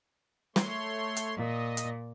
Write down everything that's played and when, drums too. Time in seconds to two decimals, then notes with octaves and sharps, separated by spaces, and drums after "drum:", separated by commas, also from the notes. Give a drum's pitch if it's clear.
0.56 A3 C#5 C6, drum: snare
1.17 drum: hi-hat
1.36 A#2 D#5
1.77 drum: hi-hat